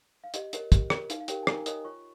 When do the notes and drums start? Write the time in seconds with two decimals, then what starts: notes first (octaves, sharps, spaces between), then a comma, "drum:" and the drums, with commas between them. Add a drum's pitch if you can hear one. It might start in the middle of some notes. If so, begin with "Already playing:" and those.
0.24 F5
0.34 G4 D#5, drum: hi-hat
0.53 A#4 C#5, drum: hi-hat
0.72 G4, drum: kick, hi-hat
0.90 A#4 C#5, drum: rim click
1.10 D#4 F5, drum: hi-hat
1.21 F5
1.28 G4 A#4 C#5 G5, drum: hi-hat
1.43 G#5
1.47 D#4 A#4 A#5, drum: rim click
1.66 A#4 C#5 D#5 D#6, drum: hi-hat
1.85 F4 C#5 C#6